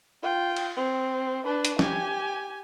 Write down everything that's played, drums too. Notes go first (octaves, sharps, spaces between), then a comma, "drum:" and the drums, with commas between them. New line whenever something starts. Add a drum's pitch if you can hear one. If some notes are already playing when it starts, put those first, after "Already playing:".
F4 G5
drum: cymbal
C4
D4 B4
drum: hi-hat
G4 G#5, drum: snare